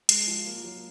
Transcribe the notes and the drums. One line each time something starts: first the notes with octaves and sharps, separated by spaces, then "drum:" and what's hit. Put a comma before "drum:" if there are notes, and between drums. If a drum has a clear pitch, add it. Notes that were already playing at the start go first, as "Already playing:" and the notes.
G#3 C7, drum: hi-hat
F3
A#3
F#3